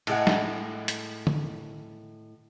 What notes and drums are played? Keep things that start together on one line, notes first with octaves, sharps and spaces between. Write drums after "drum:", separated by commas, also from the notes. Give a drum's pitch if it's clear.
A2 G#3 F#5, drum: cymbal
drum: snare
drum: hi-hat
drum: tom